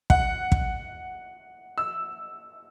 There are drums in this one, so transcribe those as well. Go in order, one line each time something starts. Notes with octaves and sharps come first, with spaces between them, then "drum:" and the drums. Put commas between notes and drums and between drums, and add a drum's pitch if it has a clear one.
F#5, drum: kick
drum: kick
E6